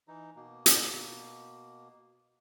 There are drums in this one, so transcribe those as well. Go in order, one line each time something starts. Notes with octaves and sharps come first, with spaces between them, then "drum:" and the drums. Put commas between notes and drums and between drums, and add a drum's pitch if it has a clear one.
E3 D#4
B2 A#3
drum: hi-hat